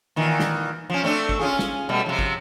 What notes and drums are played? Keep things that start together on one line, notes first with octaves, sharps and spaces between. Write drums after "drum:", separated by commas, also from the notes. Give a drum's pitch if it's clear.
A#2 D#3 E3
drum: snare
F3 C#4
A3 C4 D4
drum: kick
C#4 F4 G#4
drum: snare
B2 G3 A3
C3 F3
drum: kick